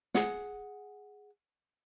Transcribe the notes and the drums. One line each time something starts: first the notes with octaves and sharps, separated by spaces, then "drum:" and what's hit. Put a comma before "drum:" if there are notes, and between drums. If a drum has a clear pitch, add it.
G#4 F#5, drum: snare